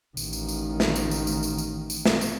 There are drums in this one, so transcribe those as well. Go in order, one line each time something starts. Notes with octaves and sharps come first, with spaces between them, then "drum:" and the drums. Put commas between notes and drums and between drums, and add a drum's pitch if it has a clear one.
A1 D#3, drum: tambourine
drum: tambourine
drum: tambourine
drum: snare
drum: tambourine
drum: tambourine
drum: tambourine
drum: tambourine
drum: tambourine
drum: tambourine
drum: snare
drum: tambourine